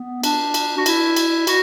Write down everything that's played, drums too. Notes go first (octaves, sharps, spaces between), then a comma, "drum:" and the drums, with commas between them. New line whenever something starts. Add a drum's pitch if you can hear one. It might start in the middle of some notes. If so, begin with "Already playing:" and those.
Already playing: B3
D4, drum: cymbal
drum: cymbal
F#4
E4, drum: cymbal
drum: cymbal
F#4, drum: cymbal